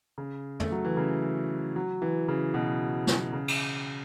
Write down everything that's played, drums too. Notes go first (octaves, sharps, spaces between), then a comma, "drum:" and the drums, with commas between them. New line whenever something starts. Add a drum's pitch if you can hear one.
C#3
A3, drum: tom F2
F#3
E3
C#3
F#3
E3
C#3
B2
drum: snare
C#3
drum: cymbal